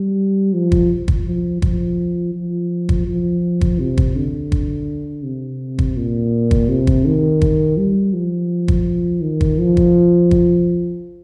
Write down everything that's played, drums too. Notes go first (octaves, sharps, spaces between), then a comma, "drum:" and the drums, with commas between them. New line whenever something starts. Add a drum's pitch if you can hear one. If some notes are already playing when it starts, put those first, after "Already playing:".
Already playing: G3
F3
drum: kick
drum: kick
F3
F3, drum: kick
F3
drum: kick
F3
drum: kick
C3
drum: kick
D3
drum: kick
C3
drum: kick
A#2
drum: kick
C3
drum: kick
D#3
drum: kick
G3
F3
drum: kick
D#3
drum: kick
F3
drum: kick
drum: kick